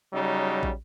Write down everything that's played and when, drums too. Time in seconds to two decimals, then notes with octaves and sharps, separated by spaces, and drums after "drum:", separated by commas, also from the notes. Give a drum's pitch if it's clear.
0.12 C#3 F#3 G3 D#4
0.63 drum: kick